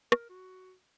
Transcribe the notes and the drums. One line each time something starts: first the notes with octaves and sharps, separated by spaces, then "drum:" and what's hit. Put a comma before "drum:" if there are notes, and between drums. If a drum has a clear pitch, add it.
A#4, drum: rim click
F#4